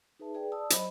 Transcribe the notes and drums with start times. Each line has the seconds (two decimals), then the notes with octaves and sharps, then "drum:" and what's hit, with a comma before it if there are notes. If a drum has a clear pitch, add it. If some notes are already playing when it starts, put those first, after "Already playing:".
0.19 D#4 G#4 B4 E5 A5
0.34 G#4 B4 D5 G5
0.52 D5 A5 D#6 E6
0.70 F#3 C5 D#5 B5, drum: hi-hat